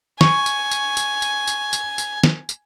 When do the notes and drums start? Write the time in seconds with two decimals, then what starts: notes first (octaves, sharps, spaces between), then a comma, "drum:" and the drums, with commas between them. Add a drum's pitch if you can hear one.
0.21 G#5 C#6, drum: snare
0.46 drum: tambourine
0.71 drum: tambourine
0.97 drum: tambourine
1.22 drum: tambourine
1.47 drum: tambourine
1.73 drum: tambourine
1.98 drum: tambourine
2.24 drum: snare
2.49 drum: tambourine